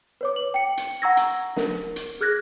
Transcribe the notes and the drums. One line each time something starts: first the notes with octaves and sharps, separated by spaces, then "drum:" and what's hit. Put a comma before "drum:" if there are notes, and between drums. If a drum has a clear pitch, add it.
B4 C#5 D6
F#7
G5 C#7
drum: hi-hat
F#5 A#5 C#6 E6 G#6 A#6
drum: hi-hat
A#4, drum: snare
drum: hi-hat
G#4 F6 F#6 G#6 A#6